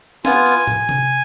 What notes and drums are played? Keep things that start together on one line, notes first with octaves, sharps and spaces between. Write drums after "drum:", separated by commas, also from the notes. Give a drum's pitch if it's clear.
B3 F4 G#5, drum: snare
drum: open hi-hat
drum: tom
drum: tom C3